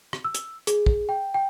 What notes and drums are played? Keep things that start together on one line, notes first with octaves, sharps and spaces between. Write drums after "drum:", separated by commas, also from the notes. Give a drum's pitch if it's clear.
drum: rim click
E6
drum: hi-hat
G#4, drum: hi-hat
drum: kick
G5
G5